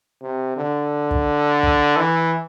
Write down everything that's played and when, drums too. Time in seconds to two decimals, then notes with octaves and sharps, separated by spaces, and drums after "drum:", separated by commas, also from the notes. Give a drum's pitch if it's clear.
0.22 C3
0.57 D3
1.11 drum: kick
1.63 drum: kick
1.97 E3